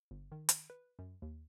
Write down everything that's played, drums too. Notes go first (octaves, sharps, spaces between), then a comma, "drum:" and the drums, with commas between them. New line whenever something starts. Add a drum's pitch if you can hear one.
G1
D#3
drum: hi-hat
B4
F#2
D#2